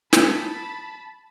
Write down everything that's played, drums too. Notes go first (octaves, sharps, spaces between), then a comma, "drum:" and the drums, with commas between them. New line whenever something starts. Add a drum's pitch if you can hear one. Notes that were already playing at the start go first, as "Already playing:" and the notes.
A5 B5, drum: snare